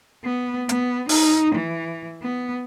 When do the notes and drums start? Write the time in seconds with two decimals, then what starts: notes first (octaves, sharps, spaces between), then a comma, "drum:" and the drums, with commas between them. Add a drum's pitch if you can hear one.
0.24 B3
0.69 B3, drum: hi-hat
1.09 D#4, drum: open hi-hat
1.55 E3
2.22 B3